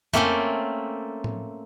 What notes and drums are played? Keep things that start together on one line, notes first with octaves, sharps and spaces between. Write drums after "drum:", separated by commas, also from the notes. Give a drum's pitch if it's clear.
A3 A#3 C4 C#4 A4, drum: tom F2
drum: tom A2